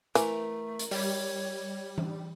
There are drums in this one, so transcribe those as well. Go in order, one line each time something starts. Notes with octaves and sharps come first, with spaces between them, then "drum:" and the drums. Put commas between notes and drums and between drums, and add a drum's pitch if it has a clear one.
E3 A3 A#4, drum: hi-hat
drum: hi-hat
G3 C#5, drum: open hi-hat
drum: tom E3